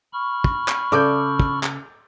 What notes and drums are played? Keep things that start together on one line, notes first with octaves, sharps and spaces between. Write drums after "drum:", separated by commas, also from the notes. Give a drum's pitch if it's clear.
B5 C#6 F6
drum: kick
drum: clap
C#3 A4 D5 D6 G6
drum: kick
drum: clap